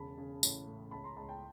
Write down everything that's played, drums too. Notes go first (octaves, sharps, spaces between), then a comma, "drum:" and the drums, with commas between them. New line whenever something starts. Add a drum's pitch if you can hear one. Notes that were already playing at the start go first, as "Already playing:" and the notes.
Already playing: E1 C#3 A5 B5
C#3
A1, drum: tambourine
A2
C#2 A5 B5
A#5 C6
C#2 A5 B5
G5 A5